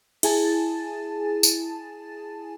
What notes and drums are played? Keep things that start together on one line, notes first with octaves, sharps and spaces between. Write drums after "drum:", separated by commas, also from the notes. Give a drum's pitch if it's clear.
E4 G#4 G#5 A5 A6, drum: cymbal
drum: tambourine